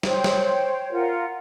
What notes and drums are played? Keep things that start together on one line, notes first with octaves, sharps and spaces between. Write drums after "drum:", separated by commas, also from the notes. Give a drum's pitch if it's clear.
C5 C#5 G5, drum: snare
drum: snare
F4 A#4 F#5